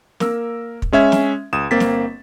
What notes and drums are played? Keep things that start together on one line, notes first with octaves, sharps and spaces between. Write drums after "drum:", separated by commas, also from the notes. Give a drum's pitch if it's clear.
A#3 A#4 E6, drum: snare
drum: kick
G#3 C#4 E5 G#6
drum: snare
C#2 D#6 E7
G1 A#3 C4 A6 B6
drum: snare